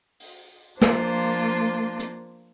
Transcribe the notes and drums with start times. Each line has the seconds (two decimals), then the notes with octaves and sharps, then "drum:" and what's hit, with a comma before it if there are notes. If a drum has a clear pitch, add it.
0.20 drum: open hi-hat
0.81 F3 A#3 D4 F4 C5, drum: snare
2.00 drum: hi-hat